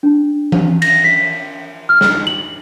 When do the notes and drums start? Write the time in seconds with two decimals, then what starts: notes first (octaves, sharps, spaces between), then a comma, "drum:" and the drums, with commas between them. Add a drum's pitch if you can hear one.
0.03 D4
0.52 drum: tom E3
0.82 A#6, drum: cymbal
1.04 B6
1.89 F6
2.01 drum: snare
2.27 F#7